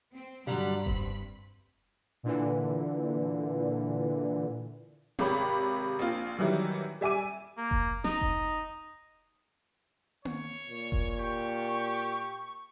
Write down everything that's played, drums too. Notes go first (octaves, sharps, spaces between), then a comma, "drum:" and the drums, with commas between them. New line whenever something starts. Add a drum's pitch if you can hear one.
C4
G2 D3 F#3 G3 B5
C4, drum: kick F1
A#2 D3 E3
G#1 C3 G#3 G4 C#5 B5, drum: snare
A#1 C4 F4
D#3 E3 F#3 G3 E4
G3 E5 G#5 D6 D#7
A#3
drum: kick F1
D#4, drum: snare
drum: kick F1
C#5, drum: tom A#3
A#2
drum: kick F1
G4 C#6